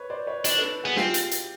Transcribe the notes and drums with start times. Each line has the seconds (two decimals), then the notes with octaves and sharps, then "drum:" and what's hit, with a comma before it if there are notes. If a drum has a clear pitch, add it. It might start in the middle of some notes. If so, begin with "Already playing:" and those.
Already playing: B4 C#5
0.10 C5 D5
0.27 B4 C#5
0.44 D4 B4 C#5, drum: hi-hat
0.58 A4 B4
0.83 B3 F#4 G#4
0.96 C4 F4 G4, drum: snare
1.14 drum: hi-hat
1.31 drum: hi-hat